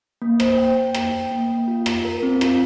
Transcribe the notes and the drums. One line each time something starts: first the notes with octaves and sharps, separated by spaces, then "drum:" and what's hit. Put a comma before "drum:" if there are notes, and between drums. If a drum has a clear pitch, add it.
A#3
C5, drum: rim click
G5
G5
A#3, drum: rim click
G5
A#3
A#3
F4
F4, drum: rim click
A#4
C4
F4, drum: rim click